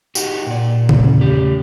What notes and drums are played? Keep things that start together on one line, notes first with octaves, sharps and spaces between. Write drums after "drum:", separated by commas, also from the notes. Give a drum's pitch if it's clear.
D#4 F#4 G4, drum: tambourine
A#2 D5
E2 C#3, drum: tom C#3
A3 G4